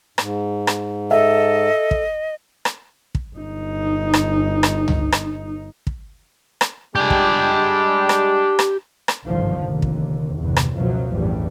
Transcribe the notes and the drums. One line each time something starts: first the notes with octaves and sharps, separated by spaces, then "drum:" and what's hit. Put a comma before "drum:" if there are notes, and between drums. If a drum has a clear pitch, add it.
G#2, drum: rim click
drum: rim click
A4 D#5 E5
drum: kick
drum: rim click
drum: kick
G1 D#4
drum: rim click
drum: rim click
drum: tom C#2
drum: rim click
drum: kick
drum: rim click
G3 G#3 D4 G4 G#5
drum: kick
drum: rim click
drum: rim click
drum: rim click
G1 C2 G#2 D3 D#3 F3
F1 D#2 D3
drum: kick
G1 E2 C3
drum: rim click
C#2 F#2 B2 F3 F#3
A1 E2 G2 G3